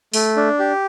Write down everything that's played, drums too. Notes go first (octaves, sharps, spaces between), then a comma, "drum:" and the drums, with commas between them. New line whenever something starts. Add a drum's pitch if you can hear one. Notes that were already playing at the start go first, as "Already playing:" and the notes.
A3, drum: open hi-hat
D4
G4